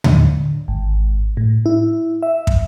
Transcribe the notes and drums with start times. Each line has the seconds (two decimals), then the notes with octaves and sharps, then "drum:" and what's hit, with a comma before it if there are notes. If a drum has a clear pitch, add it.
0.04 D3, drum: tom
0.68 G#1
1.37 A2
1.66 E4
2.23 E5
2.47 drum: kick